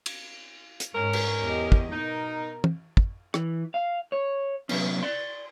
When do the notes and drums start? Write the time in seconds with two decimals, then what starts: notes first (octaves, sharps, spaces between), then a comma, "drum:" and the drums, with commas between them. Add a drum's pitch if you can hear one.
0.06 drum: cymbal
0.80 drum: hi-hat
0.95 G#2 C#4 A#4 C#5
1.13 drum: cymbal
1.41 E2 G4 D#5
1.72 drum: kick
1.92 B2 D#4 A#4
2.64 drum: tom
2.97 drum: kick
3.34 E3, drum: rim click
3.74 F5
4.12 C#5
4.69 C3 F#3 B3 C#4, drum: cymbal
5.03 D5 C6